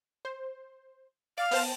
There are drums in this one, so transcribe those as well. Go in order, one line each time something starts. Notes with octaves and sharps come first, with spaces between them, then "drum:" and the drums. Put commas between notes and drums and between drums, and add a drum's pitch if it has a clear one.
C5
D5 F5
B3 C5 A5, drum: open hi-hat